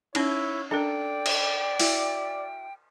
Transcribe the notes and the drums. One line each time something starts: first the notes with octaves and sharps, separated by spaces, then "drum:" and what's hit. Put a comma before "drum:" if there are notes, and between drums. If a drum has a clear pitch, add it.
C#4 D#4 E4 C#5, drum: cymbal
D4 A4 A#4 D5 G5
drum: cymbal
E4 F#4, drum: open hi-hat